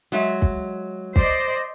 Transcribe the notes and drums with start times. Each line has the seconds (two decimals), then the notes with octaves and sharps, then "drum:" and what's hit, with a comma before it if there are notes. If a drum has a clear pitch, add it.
0.12 F#3 G#3 E5
0.42 drum: kick
1.16 C5 D5 D#5, drum: kick